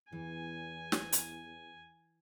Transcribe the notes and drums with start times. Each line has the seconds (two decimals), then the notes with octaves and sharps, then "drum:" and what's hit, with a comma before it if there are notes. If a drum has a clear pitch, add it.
0.12 E2 E3 G#5
0.92 drum: snare
1.12 drum: hi-hat